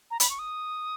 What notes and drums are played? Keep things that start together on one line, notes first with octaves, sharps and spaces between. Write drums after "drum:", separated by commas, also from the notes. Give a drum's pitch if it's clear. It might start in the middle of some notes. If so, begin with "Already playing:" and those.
A#5
B5, drum: hi-hat
C#6
D#6